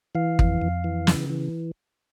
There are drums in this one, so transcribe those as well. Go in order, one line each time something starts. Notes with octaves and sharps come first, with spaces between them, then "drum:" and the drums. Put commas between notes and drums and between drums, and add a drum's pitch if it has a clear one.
E3 F5
F2, drum: kick
F2
E3
C#3, drum: snare
E3